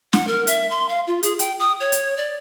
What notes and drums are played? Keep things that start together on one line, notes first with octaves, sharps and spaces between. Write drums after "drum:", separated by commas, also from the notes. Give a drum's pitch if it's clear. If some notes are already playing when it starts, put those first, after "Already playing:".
F#5, drum: snare
A#4
E5, drum: hi-hat
C6
F5
F4
G#4, drum: hi-hat
G5, drum: hi-hat
D#6
C#5
drum: hi-hat
D5